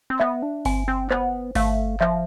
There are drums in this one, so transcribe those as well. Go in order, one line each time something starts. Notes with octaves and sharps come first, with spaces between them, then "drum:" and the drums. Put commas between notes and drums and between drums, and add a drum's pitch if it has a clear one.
C4
B3 E5, drum: clap
D4
C4 G#5, drum: kick G1, open hi-hat
C4
B3 C5, drum: clap
A3 F5, drum: kick G1, open hi-hat
F3 E5, drum: clap